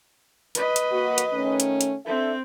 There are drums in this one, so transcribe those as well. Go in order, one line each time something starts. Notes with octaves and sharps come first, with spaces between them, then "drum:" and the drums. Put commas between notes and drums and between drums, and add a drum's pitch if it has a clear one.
B4 D#5, drum: hi-hat
drum: hi-hat
A#3 F#4
drum: hi-hat
D#3 A3 C#4
drum: hi-hat
drum: hi-hat
C4 D4 A4 E5